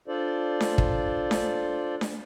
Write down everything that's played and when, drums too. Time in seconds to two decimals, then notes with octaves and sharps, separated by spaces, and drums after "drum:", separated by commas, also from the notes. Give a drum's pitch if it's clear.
0.08 D4 F4 A4 C5 D5
0.61 drum: snare D4
0.78 drum: kick
1.31 drum: snare D4
2.01 drum: snare D4